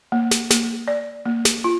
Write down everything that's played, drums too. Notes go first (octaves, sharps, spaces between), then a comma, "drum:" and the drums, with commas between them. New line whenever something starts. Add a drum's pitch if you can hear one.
A#3
drum: snare
A#3, drum: snare
D5
A#3
drum: snare
F4